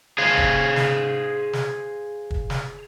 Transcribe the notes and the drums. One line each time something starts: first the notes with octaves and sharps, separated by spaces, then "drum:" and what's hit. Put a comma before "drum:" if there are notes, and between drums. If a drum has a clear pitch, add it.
G#4 C5 F5
drum: kick
drum: snare
drum: snare
drum: kick
drum: snare